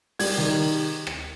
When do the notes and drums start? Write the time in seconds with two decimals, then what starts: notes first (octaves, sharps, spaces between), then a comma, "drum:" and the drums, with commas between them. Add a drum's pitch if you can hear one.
0.19 G3 G#6, drum: open hi-hat
0.38 D#3
1.07 drum: rim click